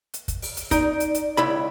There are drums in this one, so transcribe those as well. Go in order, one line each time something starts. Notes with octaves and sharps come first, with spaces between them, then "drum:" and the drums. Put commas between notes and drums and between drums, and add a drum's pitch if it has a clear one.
drum: hi-hat
drum: kick, hi-hat
drum: open hi-hat
drum: hi-hat
D#4 D5, drum: kick, hi-hat
drum: hi-hat
drum: hi-hat
C#2 E4 B5